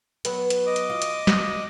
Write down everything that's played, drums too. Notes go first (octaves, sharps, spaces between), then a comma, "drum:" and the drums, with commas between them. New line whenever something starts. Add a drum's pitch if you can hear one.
F#3 B3 B4, drum: hi-hat
drum: hi-hat
D#5 D6 D#6
drum: hi-hat
F4
drum: hi-hat
drum: snare